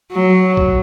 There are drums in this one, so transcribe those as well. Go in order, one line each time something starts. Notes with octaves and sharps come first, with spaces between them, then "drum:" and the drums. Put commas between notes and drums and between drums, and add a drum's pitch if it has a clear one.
F#3
drum: kick